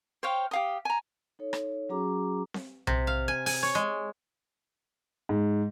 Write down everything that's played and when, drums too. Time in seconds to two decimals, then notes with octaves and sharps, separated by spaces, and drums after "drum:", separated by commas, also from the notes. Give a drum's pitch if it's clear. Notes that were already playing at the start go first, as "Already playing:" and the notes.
0.23 C5 C#5 F5 G5
0.51 G4 F5 D#6
0.85 G#5 A#5
1.39 D#4 A4 C#5
1.53 drum: rim click
1.89 F#3 C#4 F#4 G#4 A#5 D6
2.54 drum: snare C4
2.87 C3, drum: tom B1
3.07 F5
3.28 G#5
3.46 G#5, drum: open hi-hat
3.63 C#5
3.75 G#3
5.29 G#2